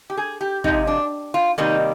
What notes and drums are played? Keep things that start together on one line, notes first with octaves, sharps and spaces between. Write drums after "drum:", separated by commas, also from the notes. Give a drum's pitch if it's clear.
G4
G#4
G4
C3 F3 G#3 D#4, drum: kick
D4
F4
C3 D#3 G3 A#3 D#4